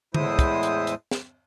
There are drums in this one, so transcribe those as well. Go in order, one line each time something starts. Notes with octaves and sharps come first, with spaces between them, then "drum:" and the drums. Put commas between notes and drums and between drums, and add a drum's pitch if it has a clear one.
E2 A2 G#3 E4 C5 D#6, drum: tom D3
drum: kick, hi-hat
drum: hi-hat
drum: hi-hat
drum: snare